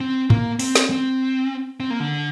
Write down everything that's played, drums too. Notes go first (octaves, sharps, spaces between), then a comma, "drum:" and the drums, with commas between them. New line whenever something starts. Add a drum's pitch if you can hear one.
C4
A#3, drum: tom G#2
C4, drum: open hi-hat
drum: snare
C4
C4
A#3
D3